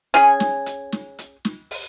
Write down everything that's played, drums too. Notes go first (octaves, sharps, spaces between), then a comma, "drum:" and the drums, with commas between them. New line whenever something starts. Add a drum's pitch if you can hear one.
C#4 G#4 G#5, drum: hi-hat
drum: snare
drum: hi-hat
drum: snare
drum: hi-hat
drum: snare
drum: open hi-hat